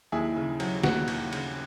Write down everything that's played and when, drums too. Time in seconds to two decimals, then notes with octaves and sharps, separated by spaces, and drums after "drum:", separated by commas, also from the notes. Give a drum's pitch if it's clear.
0.12 D#2 E4 G#4
0.36 C#3
0.60 F#3, drum: cymbal
0.84 D#2 F#4, drum: snare
1.08 D#2, drum: cymbal
1.33 C#3, drum: cymbal